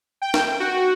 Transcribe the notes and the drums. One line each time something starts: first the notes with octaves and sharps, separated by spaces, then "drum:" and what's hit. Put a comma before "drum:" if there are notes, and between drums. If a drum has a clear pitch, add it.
G5
drum: snare
F#4